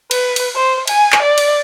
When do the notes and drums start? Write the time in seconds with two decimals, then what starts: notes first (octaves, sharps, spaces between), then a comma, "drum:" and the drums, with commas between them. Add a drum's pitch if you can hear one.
0.11 B4, drum: cymbal
0.36 drum: cymbal
0.55 C5
0.87 G#5, drum: cymbal
1.12 drum: clap
1.22 D5
1.38 drum: cymbal